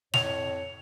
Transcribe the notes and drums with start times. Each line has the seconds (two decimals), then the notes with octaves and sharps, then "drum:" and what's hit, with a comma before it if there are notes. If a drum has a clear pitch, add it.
0.14 F2 A2 C#5 F7, drum: snare